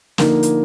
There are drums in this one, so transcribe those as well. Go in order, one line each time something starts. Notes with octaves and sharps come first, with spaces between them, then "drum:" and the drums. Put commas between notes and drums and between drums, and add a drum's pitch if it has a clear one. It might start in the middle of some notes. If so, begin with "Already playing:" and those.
D3 F3 A#3 D#4, drum: snare
drum: hi-hat